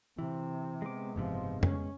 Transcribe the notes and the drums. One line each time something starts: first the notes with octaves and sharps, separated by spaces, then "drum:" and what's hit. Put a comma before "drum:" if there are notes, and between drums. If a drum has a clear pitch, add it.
C3 E3
G#3 B3 D6
F#1 G#2 C3 F3
C#4, drum: tom F2